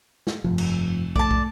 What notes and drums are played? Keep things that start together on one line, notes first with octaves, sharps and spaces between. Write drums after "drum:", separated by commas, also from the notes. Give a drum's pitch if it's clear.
drum: snare
F1 G2 F3
drum: cymbal
A3 D5 A5, drum: kick
drum: kick